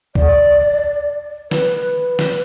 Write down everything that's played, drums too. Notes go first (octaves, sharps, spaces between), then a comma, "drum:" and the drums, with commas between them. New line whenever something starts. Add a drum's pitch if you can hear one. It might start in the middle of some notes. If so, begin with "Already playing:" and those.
D5, drum: kick C#2
B4, drum: snare
B4
drum: snare